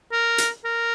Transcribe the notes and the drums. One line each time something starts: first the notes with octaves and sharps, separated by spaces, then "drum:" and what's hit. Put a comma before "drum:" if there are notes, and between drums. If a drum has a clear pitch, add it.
A#4
drum: hi-hat
A#4